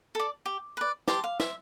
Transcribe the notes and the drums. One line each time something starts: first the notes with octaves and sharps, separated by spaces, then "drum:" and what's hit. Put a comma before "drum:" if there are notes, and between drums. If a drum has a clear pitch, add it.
A4 D5
G4
B4 D5
G4 A5 C6, drum: snare
F5
C5 E5, drum: snare